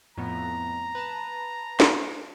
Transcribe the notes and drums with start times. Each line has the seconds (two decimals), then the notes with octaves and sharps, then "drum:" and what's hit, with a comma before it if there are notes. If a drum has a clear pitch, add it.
0.17 F2 A2 B3 A#5
0.95 B4 A5
1.80 drum: snare